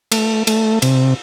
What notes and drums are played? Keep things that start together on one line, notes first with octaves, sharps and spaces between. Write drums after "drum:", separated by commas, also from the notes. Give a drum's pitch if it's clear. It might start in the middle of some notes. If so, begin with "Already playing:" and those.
A3, drum: cymbal
A3, drum: cymbal
C3, drum: cymbal